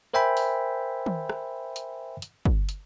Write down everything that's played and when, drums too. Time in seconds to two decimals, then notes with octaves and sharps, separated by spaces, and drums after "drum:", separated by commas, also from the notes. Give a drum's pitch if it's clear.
0.14 A#4 C5 E5 G5 G#5 B5
0.37 drum: open hi-hat
1.06 drum: tom
1.29 drum: rim click
1.76 drum: hi-hat
2.22 drum: hi-hat
2.45 drum: kick
2.69 drum: hi-hat